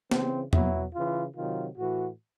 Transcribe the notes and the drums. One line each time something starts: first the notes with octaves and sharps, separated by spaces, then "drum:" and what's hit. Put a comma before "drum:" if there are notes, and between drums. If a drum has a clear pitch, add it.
C#3 E3 C4, drum: snare B3
B2 F#3 E4, drum: tom
C#3 E3 F4
C3 D#3 F#3 F4
A2 E3 F#4